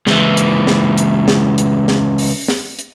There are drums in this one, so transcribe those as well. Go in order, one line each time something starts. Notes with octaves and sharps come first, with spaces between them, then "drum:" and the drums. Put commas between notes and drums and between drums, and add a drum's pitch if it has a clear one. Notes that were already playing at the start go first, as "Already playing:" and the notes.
C#2 E3, drum: snare
drum: hi-hat
drum: snare
drum: hi-hat
drum: snare
drum: hi-hat
drum: snare
drum: open hi-hat
drum: snare
drum: hi-hat